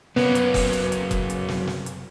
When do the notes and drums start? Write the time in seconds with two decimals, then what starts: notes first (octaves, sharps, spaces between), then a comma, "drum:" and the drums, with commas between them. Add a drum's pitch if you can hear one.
0.16 F#2 A#3 B3 C#4, drum: snare
0.35 drum: hi-hat
0.54 drum: kick F1, open hi-hat
0.73 drum: hi-hat
0.92 drum: hi-hat
1.11 drum: kick F1, hi-hat
1.30 drum: hi-hat
1.49 drum: snare
1.67 drum: snare
1.86 drum: hi-hat